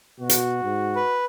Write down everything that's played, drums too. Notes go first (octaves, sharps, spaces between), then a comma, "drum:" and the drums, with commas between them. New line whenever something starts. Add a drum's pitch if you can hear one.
B2 F#4
drum: hi-hat
G#2
B4